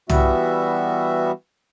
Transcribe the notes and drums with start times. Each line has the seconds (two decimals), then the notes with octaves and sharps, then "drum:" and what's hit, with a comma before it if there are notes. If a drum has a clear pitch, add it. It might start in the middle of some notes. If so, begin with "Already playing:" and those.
0.09 E3 G3 B3 F#4 E5, drum: tom